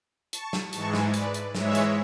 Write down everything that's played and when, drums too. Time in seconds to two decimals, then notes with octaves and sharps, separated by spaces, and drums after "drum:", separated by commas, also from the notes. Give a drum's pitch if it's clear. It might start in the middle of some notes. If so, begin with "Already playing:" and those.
0.33 A5 C#6, drum: hi-hat
0.53 drum: snare
0.73 G#2 E3 G#3 A5 C#6, drum: hi-hat
0.94 drum: snare
1.14 B4 D5, drum: hi-hat
1.34 drum: hi-hat
1.55 G#2 E3 G#3 C#5 E5, drum: snare
1.75 drum: hi-hat